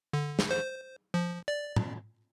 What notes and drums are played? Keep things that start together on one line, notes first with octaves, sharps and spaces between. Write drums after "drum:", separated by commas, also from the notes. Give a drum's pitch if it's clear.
D3
drum: snare
C5
F3
D5
drum: tom A2